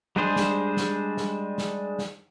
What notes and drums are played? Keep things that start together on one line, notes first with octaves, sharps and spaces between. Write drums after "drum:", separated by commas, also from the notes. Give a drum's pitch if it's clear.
G3 G#3 D4 G#4 C5
drum: snare
drum: snare
drum: snare
drum: snare
drum: snare